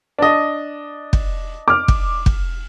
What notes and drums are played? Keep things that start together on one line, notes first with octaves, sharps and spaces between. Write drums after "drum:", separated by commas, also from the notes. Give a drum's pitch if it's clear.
D4 D#5
drum: kick
D6 F6
drum: kick
drum: kick